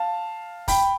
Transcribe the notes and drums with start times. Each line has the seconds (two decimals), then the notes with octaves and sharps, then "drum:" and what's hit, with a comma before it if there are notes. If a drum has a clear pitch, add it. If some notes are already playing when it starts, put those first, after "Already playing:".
Already playing: F5 A5
0.68 G5 B5, drum: kick, open hi-hat